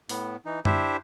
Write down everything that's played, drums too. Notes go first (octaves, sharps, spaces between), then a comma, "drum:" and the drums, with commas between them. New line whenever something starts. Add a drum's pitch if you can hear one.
A2 B3, drum: open hi-hat
E3 D#4
D4 E4 G4 C5 E5, drum: tom F#2